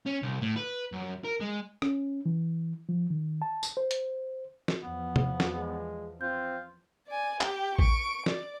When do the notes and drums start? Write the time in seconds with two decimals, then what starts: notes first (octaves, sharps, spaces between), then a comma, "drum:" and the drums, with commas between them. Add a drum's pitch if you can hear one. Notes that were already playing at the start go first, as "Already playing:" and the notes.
0.06 C#4
0.22 C2
0.41 A2
0.56 B4
0.93 F#2
1.25 A#4
1.40 G#3
1.82 C#4, drum: rim click
2.26 E3
2.89 F3
3.10 D#3
3.42 A5
3.63 drum: tambourine
3.77 C5
3.91 drum: hi-hat
4.68 drum: snare
4.82 E2 F3 B3
5.16 drum: tom
5.40 drum: snare
5.54 G#3
6.21 C4 F4 G6
7.07 D5 G#5
7.41 G4 G5, drum: clap
7.79 C#6 D7, drum: kick A1
8.26 D5, drum: snare